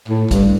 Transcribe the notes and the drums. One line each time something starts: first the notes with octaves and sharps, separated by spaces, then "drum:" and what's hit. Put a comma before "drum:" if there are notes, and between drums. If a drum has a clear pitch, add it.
A2
G2, drum: kick A#1, hi-hat